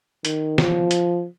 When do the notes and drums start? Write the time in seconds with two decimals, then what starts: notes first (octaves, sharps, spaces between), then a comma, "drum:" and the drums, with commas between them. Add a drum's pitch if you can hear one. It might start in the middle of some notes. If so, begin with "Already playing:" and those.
0.25 D#3, drum: hi-hat
0.58 F3, drum: snare
0.91 drum: hi-hat